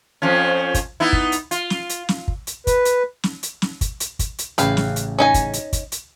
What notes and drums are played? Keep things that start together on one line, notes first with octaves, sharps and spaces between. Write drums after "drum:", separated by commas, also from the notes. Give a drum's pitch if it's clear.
F2 F3 C#4
drum: kick, hi-hat
B3 D#4 E4
drum: kick
drum: hi-hat
F4, drum: hi-hat
drum: snare
drum: hi-hat
drum: snare
drum: kick
drum: hi-hat
B4, drum: kick, hi-hat
drum: hi-hat
drum: snare
drum: hi-hat
drum: snare
drum: kick, hi-hat
drum: hi-hat
drum: kick, hi-hat
drum: hi-hat
A1 C#3 B4 F5 G5, drum: hi-hat
drum: snare
drum: hi-hat
C#4 D#4 G#5
drum: kick, hi-hat
drum: hi-hat
drum: kick, hi-hat
drum: hi-hat